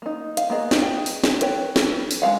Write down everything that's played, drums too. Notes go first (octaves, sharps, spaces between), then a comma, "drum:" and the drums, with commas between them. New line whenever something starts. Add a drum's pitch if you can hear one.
A#3 D#4
F5, drum: hi-hat
A#3 B3 G#4 D#5
drum: snare
G#4 G5
drum: open hi-hat
drum: snare
A4 B4 C#5 G5, drum: hi-hat
drum: snare
drum: open hi-hat
G#3 E4 F5 F#5